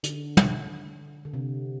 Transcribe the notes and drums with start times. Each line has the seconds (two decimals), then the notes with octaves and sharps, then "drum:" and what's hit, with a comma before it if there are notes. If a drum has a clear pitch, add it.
0.03 D3, drum: hi-hat
0.37 drum: tom
1.25 D3
1.33 C3